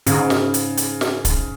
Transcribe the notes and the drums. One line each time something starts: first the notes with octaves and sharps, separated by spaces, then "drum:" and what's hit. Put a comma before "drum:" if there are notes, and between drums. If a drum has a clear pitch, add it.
G#2 C#3, drum: hi-hat
drum: snare
drum: hi-hat
drum: hi-hat
drum: snare
drum: kick, hi-hat